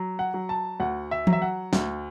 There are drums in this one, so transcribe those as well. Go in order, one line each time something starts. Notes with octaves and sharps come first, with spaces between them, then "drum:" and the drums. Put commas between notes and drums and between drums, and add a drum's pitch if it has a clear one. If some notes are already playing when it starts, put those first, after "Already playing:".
Already playing: F#3
F#5
F#3
A5
D2 F#5
E5
F#3, drum: tom E3
E5
F#5
D2, drum: snare